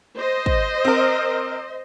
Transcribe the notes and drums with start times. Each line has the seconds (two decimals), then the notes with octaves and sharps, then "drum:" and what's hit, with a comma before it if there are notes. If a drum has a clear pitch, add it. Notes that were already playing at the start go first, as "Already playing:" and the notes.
0.17 C5 D#5
0.46 drum: kick
0.85 C4 A#4